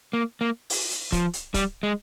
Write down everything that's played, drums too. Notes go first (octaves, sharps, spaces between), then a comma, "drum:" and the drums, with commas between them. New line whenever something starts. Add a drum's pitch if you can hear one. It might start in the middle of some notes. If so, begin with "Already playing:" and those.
A#3
A#3
drum: open hi-hat
drum: hi-hat
F3, drum: kick C#1, hi-hat
drum: hi-hat
G3, drum: kick C#1, hi-hat
G#3